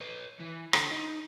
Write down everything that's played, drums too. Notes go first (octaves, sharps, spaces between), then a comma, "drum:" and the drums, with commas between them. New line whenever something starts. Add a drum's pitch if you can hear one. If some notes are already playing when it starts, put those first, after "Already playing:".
B4 C#5
E3
D3, drum: rim click
D#4